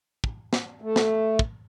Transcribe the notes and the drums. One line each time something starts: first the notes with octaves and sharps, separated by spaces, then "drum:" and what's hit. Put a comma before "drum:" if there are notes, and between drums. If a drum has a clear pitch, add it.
drum: kick
drum: snare
A3
drum: snare
drum: kick